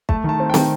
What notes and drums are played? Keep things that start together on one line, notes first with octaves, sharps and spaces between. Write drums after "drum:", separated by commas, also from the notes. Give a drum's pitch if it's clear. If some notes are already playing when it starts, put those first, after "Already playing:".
A3 A5, drum: kick
D#3 A5
C4
G5
D#3, drum: snare